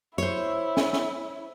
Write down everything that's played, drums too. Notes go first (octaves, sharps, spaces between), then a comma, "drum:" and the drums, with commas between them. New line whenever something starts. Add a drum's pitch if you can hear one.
E4 C5 C#5
drum: snare
drum: snare